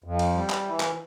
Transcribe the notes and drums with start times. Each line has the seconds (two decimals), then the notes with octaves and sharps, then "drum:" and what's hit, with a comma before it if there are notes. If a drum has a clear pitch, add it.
0.04 F2
0.19 drum: cymbal
0.35 G3
0.50 drum: clap
0.65 E3
0.80 drum: clap